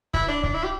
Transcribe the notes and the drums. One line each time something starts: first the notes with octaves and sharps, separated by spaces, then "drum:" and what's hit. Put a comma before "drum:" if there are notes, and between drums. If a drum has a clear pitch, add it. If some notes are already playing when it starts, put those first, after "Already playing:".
E4, drum: kick C#1
D4
D4, drum: kick C#1
E4
G4